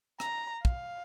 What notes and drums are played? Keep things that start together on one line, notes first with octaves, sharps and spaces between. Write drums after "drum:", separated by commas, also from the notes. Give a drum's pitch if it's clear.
A#5, drum: rim click
F5, drum: kick